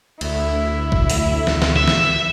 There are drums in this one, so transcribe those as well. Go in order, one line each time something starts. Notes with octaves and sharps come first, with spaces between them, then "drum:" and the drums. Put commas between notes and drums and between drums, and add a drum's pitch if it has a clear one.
D2 E4, drum: cymbal
drum: kick B1
drum: open hi-hat
drum: snare
drum: snare
E5
drum: snare